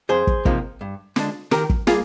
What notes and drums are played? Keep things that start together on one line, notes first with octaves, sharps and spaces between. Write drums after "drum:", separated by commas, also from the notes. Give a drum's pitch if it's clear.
F2 G#4 C5
drum: kick
C3 F3 A#3 D#4, drum: kick
G2
D3 G#3 D4, drum: snare
D#3 G4 A#4, drum: snare
drum: kick
G3 A#3 F4 G#4, drum: snare